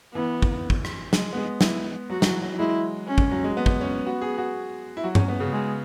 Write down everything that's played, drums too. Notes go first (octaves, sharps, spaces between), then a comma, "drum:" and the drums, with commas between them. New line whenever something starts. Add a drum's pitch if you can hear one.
E3 B3
drum: kick
drum: kick
drum: rim click
G#3, drum: snare
B3
G#3
E4, drum: snare
F#3 F#4
F#3, drum: snare
E3
F#3
G#3 E4
C#4
drum: kick
F#3
G#3
B3
drum: kick
C#4
B3 F#4
G#4
F#4
E4
F#3 F#4
C#4, drum: tom G2
B3
C#3
G#3